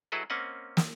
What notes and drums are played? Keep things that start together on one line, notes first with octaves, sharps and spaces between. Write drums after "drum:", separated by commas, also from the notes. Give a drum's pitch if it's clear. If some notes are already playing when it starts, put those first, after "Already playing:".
F#3 E4 G#4 A4 B4 D#5
A#3 C4 C#4 D#5 F#5
drum: snare